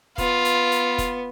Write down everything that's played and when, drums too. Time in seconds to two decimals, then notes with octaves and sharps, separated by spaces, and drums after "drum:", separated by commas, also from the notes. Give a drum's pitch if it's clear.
0.18 B3 F4, drum: kick F1, hi-hat
0.45 drum: hi-hat
0.72 drum: hi-hat
0.98 drum: kick F1, hi-hat